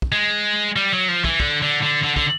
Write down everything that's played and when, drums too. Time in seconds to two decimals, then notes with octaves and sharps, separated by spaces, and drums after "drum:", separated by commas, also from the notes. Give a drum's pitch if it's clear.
0.02 drum: kick
0.12 G#3
0.76 G3
0.93 F#3
1.08 F3
1.24 E3, drum: kick
1.40 D3, drum: kick
1.62 D3
1.83 D3
2.03 D3
2.16 D3, drum: kick